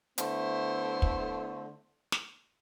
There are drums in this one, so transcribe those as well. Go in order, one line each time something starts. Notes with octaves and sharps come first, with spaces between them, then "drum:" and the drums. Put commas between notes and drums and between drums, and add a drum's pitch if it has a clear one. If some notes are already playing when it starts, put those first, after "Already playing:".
D3 A3 B3 E4 C5, drum: hi-hat
drum: kick
drum: snare